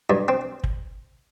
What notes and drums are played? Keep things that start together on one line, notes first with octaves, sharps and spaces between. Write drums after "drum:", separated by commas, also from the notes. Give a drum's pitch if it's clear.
G2
C4
drum: kick